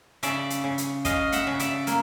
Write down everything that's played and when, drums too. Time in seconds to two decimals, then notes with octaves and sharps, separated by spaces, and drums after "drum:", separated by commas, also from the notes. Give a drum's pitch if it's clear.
0.23 C#3 D5 E5, drum: hi-hat
0.50 drum: hi-hat
0.64 C#3
0.78 drum: hi-hat
1.05 C#3 D#5 F5, drum: kick, hi-hat
1.32 E5 F#5, drum: hi-hat
1.47 C#3
1.59 D5 E5, drum: hi-hat
1.87 A#3, drum: hi-hat